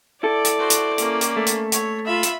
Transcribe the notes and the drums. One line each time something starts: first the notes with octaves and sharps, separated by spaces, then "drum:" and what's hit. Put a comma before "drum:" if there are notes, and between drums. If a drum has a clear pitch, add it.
E4 A4 D5
drum: hi-hat
F#4 C5
drum: hi-hat
A#3 C#4, drum: hi-hat
drum: hi-hat
A3
drum: hi-hat
C#5, drum: hi-hat
F4 E5 B5
drum: hi-hat